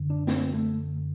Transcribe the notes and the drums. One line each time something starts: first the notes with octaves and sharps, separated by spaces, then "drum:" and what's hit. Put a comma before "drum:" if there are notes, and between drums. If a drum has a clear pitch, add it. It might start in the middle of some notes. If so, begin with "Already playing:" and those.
Already playing: F#2 D3
D4
C4, drum: snare
A3